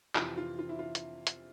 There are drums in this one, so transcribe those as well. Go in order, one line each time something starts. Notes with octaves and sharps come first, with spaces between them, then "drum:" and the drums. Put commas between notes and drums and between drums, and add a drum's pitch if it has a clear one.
F2 C3 E3 F4, drum: clap
F4
F4
E4
F4
drum: hi-hat
drum: hi-hat